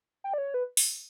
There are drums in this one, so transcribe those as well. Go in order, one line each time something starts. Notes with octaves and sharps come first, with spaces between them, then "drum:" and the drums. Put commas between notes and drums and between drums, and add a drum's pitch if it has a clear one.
G5
D5
C#5
B4
drum: open hi-hat